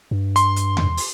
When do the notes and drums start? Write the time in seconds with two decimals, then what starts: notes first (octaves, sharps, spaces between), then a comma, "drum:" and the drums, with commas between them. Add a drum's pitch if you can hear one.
0.11 G2
0.36 C6, drum: hi-hat
0.56 drum: hi-hat
0.77 drum: tom E2
0.97 drum: open hi-hat